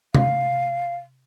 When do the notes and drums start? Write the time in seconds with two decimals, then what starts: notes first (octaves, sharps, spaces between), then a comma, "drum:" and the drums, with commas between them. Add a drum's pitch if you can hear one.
0.15 F5, drum: tom C3